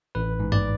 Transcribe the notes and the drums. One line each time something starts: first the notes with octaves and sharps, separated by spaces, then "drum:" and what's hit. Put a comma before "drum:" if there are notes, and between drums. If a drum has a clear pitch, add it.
A1 B4
G#2
D5, drum: tom G2